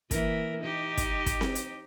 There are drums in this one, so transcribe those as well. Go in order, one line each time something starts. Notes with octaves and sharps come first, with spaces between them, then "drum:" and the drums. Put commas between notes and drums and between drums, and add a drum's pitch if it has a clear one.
E3 A#3 A#4, drum: kick, hi-hat
D#4 G4
drum: kick, hi-hat
drum: kick, hi-hat
drum: snare C4
drum: hi-hat